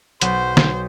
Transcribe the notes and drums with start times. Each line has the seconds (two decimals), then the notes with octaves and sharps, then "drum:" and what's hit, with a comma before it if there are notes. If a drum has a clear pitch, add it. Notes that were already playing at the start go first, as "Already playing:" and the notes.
0.21 B1 B4 C5 F#5, drum: hi-hat
0.57 drum: snare